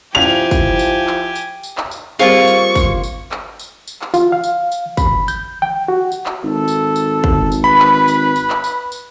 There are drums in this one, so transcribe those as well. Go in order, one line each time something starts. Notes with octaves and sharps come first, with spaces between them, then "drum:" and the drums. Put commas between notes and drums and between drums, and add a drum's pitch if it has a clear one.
F3 E4 G4 G#5 F7
drum: kick, tambourine
drum: tambourine
drum: clap
drum: tambourine
drum: tambourine
drum: clap
drum: tambourine
G3 A#3 C4 F4 G#4 C#6, drum: tambourine
drum: tambourine
drum: kick, tambourine
drum: tambourine
drum: clap
drum: tambourine
drum: tambourine
drum: clap
F4, drum: tambourine
F5
drum: tambourine
drum: tambourine
B5, drum: kick, tambourine
G6, drum: tambourine
G5
F#4
drum: tambourine
drum: clap
G#1 A4
drum: tambourine
drum: tambourine
drum: kick
drum: tambourine
B4 B5
drum: clap
drum: tambourine
drum: tambourine
drum: clap
drum: tambourine
drum: tambourine